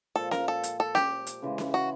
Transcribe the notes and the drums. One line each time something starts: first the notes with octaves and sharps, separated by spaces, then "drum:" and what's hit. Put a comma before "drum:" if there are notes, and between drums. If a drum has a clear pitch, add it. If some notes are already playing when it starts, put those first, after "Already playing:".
A#2 F3 G#3 A4
A#4, drum: snare C#4
A4
drum: hi-hat
A4
G4, drum: snare C#4
drum: hi-hat
C#3 E3 G#3
drum: snare C#4
F#4